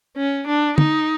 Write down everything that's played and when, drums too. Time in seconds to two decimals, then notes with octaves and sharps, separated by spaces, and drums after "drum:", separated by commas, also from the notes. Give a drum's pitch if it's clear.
0.17 C#4
0.47 D4
0.78 D#4, drum: tom